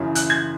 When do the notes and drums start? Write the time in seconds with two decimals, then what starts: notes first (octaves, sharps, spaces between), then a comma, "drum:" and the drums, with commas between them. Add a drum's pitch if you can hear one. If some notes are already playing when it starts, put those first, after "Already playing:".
Already playing: F#2 C#3 E3
0.15 F#6, drum: hi-hat
0.30 G#6